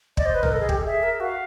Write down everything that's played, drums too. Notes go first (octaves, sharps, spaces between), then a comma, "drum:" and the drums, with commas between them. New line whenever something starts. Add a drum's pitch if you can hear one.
D5 D#5, drum: kick
C5
B4
A#4, drum: tom
A4
G#4
G4, drum: kick
A4
G#4 E5
A#4
F#4 F5